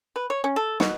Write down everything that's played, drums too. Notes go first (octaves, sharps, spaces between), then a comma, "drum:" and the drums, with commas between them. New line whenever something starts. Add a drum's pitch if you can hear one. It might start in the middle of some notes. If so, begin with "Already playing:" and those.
B4
C#5
C#4
A4
B2, drum: snare